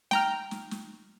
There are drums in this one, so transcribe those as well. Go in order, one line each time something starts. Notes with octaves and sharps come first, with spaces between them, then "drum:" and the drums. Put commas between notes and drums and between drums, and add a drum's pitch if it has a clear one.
G5 A#5 F6, drum: snare
drum: snare
drum: snare